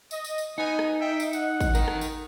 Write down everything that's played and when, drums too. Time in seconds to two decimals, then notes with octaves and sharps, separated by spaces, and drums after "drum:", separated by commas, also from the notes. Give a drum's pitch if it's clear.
0.11 D#5, drum: tambourine
0.24 drum: tambourine
0.38 drum: tambourine
0.58 B3 D#4 D#5 G#5
0.79 drum: rim click
1.00 E5 G5
1.20 drum: tambourine
1.33 F#5, drum: tambourine
1.61 drum: kick, tambourine
1.75 D#4 A#4, drum: tambourine
1.88 drum: rim click
2.01 drum: tambourine